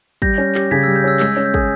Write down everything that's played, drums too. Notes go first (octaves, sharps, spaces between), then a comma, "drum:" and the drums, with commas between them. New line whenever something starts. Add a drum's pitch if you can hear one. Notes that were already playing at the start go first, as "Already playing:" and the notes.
G3 G6 A#6, drum: kick
C#4
G4, drum: clap
C#3 G#6 B6
G3 E6 G#6
G6
C#4 E6
G#3 E6, drum: clap
C#4
G6
G#4, drum: kick